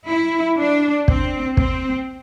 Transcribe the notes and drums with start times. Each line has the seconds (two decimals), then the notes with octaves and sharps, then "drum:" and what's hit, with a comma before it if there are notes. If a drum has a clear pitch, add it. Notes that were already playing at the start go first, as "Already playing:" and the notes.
0.09 E4
0.58 D4
1.08 C4, drum: kick
1.57 C4, drum: kick